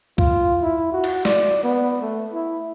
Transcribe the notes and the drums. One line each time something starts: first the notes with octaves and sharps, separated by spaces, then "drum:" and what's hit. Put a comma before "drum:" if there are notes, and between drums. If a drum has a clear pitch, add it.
F4, drum: kick C#2
E4
F#4
drum: cymbal
D5, drum: snare
B3
A3
E4